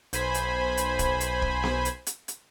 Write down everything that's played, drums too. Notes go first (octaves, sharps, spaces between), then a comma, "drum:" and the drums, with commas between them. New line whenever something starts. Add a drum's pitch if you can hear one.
B1 C5 G#5 B5, drum: hi-hat
drum: hi-hat
drum: hi-hat
drum: kick, hi-hat
drum: hi-hat
drum: kick
drum: snare B3
drum: hi-hat
drum: hi-hat
drum: hi-hat